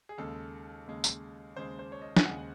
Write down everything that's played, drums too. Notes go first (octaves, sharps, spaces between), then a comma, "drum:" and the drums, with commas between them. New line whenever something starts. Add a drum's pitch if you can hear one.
G#4
D#2 C#3 G#3 A4
D#2 C#3 G#3
drum: tambourine
D#2 C#3 G#3 C5
C5
C#5
D#5
G#5, drum: snare
D#2 C#3 G#3 F#5